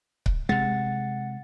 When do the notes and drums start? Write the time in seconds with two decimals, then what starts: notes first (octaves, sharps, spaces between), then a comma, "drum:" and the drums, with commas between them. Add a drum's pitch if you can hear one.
0.26 drum: kick C#1
0.49 C3 G#3 F#5 A6 C#7